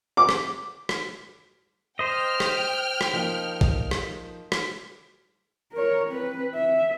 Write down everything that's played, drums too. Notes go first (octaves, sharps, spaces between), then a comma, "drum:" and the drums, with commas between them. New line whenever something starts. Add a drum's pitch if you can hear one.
D6
drum: rim click
drum: rim click
C5 D#5 G5 F6
drum: rim click
drum: rim click
F3 A#3 D#4
drum: kick
drum: rim click
drum: rim click
A#4 C#5
C4 B4
E5